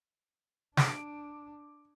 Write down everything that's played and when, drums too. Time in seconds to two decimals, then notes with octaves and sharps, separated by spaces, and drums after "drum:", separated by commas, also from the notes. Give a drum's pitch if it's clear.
0.77 D4 D6 D7, drum: snare